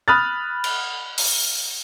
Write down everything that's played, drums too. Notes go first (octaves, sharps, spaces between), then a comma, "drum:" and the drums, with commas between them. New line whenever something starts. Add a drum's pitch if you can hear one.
B5 D#6 F6 F#6 A6
drum: cymbal
drum: open hi-hat